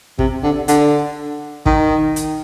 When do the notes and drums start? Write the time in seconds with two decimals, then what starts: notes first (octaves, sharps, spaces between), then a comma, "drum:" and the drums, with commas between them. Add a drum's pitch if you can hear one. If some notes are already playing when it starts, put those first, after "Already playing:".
0.19 C3, drum: kick
0.43 D3
0.68 D3, drum: hi-hat
1.66 D#3, drum: kick
2.16 drum: hi-hat